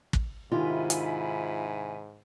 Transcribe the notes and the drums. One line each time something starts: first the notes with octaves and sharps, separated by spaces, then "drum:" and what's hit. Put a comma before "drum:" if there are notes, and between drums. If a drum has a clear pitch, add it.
drum: kick
G#2 C3 D#3 E4 F4 E5 G#5 B5
drum: hi-hat